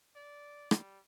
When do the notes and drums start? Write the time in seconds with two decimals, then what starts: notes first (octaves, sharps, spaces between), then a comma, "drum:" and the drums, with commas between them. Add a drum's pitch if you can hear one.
0.16 D5
0.71 G3, drum: rim click